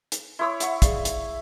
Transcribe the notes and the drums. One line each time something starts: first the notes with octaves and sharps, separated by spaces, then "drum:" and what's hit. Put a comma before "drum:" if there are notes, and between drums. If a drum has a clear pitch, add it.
drum: hi-hat
E4 C#5 C6 D#6 E6
E5 F#5 C#6, drum: hi-hat
G#4 D5 F5, drum: kick, hi-hat
drum: hi-hat